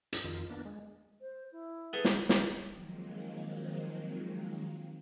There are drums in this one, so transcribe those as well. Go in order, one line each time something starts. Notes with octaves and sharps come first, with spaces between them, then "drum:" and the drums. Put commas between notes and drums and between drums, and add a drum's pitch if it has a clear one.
drum: hi-hat
F2 D#3 F4
A#3 B3 D4
G#3
C5
E4
B3 G#4 A4
drum: snare
drum: snare
D#3 F3 F#3 G#3 A#3 C4